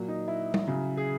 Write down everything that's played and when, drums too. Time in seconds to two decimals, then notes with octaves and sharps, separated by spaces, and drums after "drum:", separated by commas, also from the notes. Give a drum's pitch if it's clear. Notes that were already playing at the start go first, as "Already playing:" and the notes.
Already playing: A#2 F#3
0.08 D#4
0.28 E4
0.54 drum: tom
0.68 C#3 F#3
0.97 G#4